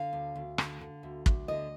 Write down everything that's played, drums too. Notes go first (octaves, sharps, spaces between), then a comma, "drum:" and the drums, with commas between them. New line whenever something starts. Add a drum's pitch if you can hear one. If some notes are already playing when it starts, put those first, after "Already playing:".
Already playing: D3 F5
D2
D2
D3, drum: rim click
D3
D2
D2, drum: kick
D3 D#5